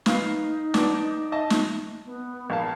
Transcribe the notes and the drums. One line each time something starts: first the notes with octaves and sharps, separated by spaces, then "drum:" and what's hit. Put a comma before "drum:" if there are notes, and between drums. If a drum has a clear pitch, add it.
D#4 B4 F5 B5, drum: snare
B3 D4, drum: snare
D#5 E5 A5
drum: snare
B3
A#1 F5 A5